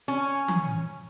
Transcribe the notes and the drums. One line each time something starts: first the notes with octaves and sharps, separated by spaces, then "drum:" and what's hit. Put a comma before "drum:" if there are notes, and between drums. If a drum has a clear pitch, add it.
C#4
drum: tom E3